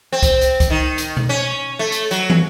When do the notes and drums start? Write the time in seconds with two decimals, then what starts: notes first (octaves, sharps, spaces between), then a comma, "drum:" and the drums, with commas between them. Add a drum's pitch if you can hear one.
0.12 C4
0.23 drum: kick C2, hi-hat
0.41 drum: hi-hat
0.60 drum: kick C2, hi-hat
0.70 D#3
0.98 drum: hi-hat
1.17 drum: tom B2
1.29 C#4
1.79 A3
1.92 drum: hi-hat
2.11 F#3, drum: hi-hat
2.30 drum: tom